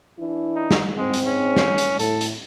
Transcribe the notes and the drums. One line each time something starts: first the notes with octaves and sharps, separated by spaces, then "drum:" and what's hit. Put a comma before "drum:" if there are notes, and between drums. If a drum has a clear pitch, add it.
E3 D4 E4
D#4
drum: snare
G#2 G#3 C4
drum: hi-hat
C#4
drum: snare
drum: hi-hat
A2 A4, drum: hi-hat
drum: hi-hat